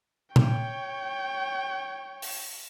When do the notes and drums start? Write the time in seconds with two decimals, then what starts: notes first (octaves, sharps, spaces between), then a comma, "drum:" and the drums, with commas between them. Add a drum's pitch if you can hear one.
0.36 C#5 G5, drum: tom A#2
2.22 drum: open hi-hat